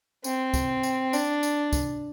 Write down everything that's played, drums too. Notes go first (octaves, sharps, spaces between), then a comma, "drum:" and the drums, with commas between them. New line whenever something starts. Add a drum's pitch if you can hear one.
C4, drum: tambourine
drum: kick, tambourine
drum: tambourine
D4, drum: tambourine
drum: tambourine
drum: kick, tambourine